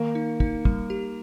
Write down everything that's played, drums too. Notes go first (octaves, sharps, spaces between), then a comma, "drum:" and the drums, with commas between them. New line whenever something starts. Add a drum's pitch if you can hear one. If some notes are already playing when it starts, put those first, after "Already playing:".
Already playing: D#3 A#3
D#4
D#4, drum: kick
G3, drum: kick
G4